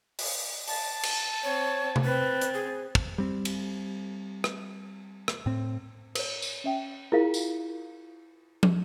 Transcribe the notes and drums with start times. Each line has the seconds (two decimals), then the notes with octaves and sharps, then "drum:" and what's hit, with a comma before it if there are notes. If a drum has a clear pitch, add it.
0.19 drum: open hi-hat
0.68 A5, drum: open hi-hat
1.03 drum: cymbal
1.44 C4 C#5
1.96 drum: tom C3
2.05 C4 B4 A6
2.41 drum: hi-hat
2.54 G#4
2.95 drum: kick
3.18 G3 C4
3.45 drum: cymbal
4.44 drum: rim click
5.28 drum: rim click
5.46 A2 C4
6.15 A#4 C#5, drum: cymbal
6.42 drum: tambourine
6.64 C#4 E5 G5
7.12 E4 F4 G#4 A#4 F5
7.34 drum: tambourine
8.63 drum: tom